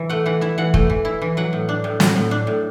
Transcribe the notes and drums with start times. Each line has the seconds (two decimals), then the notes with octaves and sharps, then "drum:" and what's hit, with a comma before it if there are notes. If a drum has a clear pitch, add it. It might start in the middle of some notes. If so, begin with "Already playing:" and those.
Already playing: E3 E4
0.10 A3 F#5
0.26 E3 F#5
0.41 E4 E5
0.58 E3 F#5
0.74 A3, drum: kick
0.90 E3
1.05 E4
1.22 E3
1.37 F#3 F#5
1.53 A2
1.69 D4
1.84 A2
2.00 F#3, drum: snare
2.16 A2
2.31 D4
2.47 A2